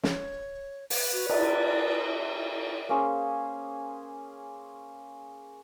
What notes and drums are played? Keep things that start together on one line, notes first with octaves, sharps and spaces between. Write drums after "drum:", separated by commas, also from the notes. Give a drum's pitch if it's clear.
C#5, drum: snare
B4, drum: open hi-hat
F#4
D5, drum: cymbal
A#3 C#4 G#4 C5